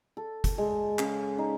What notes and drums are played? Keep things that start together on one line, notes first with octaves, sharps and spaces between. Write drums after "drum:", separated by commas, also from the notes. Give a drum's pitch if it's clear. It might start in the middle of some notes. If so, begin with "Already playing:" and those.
A4
drum: kick, hi-hat
G#3
C#3, drum: clap
D#4